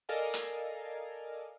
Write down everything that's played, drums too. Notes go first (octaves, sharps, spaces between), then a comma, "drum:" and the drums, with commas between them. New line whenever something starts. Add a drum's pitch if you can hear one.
A4 A#4 D5 D#5 F5 G#5
drum: hi-hat